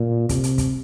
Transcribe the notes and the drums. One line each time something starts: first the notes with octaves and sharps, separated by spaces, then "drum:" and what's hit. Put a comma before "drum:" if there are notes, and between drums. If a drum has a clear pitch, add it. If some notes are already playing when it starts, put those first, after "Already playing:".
Already playing: A#2
C3, drum: kick, hi-hat
drum: hi-hat
drum: kick, hi-hat